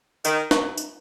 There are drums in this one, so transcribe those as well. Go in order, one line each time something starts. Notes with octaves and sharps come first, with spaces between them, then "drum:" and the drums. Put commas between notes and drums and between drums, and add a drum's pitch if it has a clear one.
D#3, drum: tambourine
drum: snare
drum: tambourine